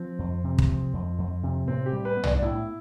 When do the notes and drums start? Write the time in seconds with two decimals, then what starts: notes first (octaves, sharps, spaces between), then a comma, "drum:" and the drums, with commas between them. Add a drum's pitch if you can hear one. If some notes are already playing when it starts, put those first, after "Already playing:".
Already playing: F3 C4
0.19 F2
0.44 C3
0.58 drum: kick
0.68 F3
0.94 F2
1.19 F2
1.43 C3
1.68 A2 C4
1.86 G4
1.93 G3
2.05 B4
2.17 B3
2.24 D4, drum: tom
2.34 D4
2.42 A2 E4